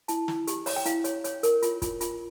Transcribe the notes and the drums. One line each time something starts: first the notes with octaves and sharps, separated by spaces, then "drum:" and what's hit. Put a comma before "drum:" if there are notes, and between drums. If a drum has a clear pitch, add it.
E4 A5, drum: hi-hat
E4, drum: snare
G4, drum: hi-hat
C#5, drum: open hi-hat
G5
E4 F5, drum: hi-hat
C#5, drum: hi-hat
C#5, drum: hi-hat
A#4, drum: hi-hat
F4, drum: hi-hat
F4, drum: kick, hi-hat
F4, drum: hi-hat